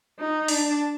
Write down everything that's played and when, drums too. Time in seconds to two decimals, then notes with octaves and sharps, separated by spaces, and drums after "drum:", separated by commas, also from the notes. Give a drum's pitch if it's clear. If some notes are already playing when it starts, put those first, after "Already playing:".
0.19 D#4
0.48 D4, drum: open hi-hat